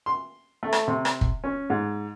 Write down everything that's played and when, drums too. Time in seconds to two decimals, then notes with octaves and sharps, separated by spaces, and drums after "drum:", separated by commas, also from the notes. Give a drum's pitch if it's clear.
0.06 C6
0.63 A3
0.73 drum: rim click
0.88 C3
1.05 drum: rim click
1.21 drum: kick
1.44 C#4
1.70 G#2